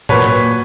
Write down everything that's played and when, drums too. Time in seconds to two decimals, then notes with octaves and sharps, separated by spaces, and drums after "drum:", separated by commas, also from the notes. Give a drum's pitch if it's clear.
0.09 A#2 F#3 B4 C#5, drum: tom G#2
0.22 drum: clap